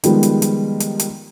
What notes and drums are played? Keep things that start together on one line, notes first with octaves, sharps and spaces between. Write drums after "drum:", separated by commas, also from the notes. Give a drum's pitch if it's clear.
D#3 F3 G3 G#3 B3, drum: hi-hat
drum: hi-hat
drum: hi-hat
drum: hi-hat
drum: hi-hat